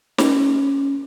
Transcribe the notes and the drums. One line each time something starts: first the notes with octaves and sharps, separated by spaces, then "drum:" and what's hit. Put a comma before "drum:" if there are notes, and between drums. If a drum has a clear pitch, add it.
C#4, drum: snare